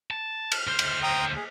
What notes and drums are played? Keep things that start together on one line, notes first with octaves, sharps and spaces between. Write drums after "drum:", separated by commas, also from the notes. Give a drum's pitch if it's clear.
A5
F6, drum: cymbal
D2 C5
drum: cymbal
G5 A#5 D#6
G#4